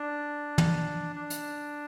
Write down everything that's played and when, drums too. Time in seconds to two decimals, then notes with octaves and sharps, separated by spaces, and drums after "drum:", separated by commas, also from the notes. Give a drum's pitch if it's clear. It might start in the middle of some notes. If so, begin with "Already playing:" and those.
Already playing: D4
0.58 drum: tom
1.16 D4
1.30 drum: hi-hat